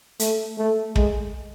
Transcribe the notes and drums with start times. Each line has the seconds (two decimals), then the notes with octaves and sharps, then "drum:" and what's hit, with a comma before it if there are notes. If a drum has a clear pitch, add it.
0.20 A3, drum: hi-hat
0.58 A3
0.96 G#3, drum: kick